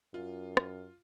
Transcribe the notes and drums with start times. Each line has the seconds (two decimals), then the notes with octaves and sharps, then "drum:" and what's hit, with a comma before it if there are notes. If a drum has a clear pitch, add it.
0.14 F#2 F4
0.57 drum: rim click